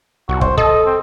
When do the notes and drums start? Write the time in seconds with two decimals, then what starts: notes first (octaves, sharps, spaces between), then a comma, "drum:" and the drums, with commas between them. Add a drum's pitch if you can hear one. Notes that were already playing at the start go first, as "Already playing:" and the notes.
0.29 C2 F#4
0.41 C5, drum: kick
0.57 A4 D#5, drum: kick
0.86 C4